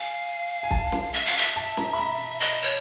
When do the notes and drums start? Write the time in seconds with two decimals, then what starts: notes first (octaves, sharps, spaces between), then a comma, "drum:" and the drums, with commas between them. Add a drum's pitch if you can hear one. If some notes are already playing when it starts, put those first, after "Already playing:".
Already playing: F5 G#5
0.63 G#5
0.71 A5, drum: kick
0.92 drum: snare
1.14 E5
1.26 F5
1.38 E5
1.56 A5
1.77 A#5, drum: snare
1.93 B5
1.98 A#5
2.40 D#5
2.62 C#5